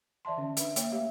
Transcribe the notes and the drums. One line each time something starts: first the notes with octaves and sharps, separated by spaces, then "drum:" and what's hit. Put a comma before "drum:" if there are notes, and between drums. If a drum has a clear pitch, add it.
E3 D5 E5 A5 C6
D3 C#4
D4 B4 E5, drum: hi-hat
A#3 C#5 E5, drum: hi-hat
A3 G4 E5 F5